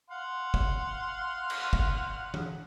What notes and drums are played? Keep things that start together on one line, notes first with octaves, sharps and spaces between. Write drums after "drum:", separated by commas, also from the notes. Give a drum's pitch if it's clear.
F5 F#5 C6
drum: kick
drum: cymbal
drum: kick
drum: tom E3